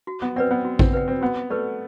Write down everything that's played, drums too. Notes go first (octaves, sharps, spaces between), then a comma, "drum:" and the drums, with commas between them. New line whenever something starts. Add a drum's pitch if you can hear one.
F#4
B3
C4 B4 D5 F#5
B3
F#4
C4, drum: kick A1
B4 D5 F#5
C4
B3 F#4
A3 B4 D5 F#5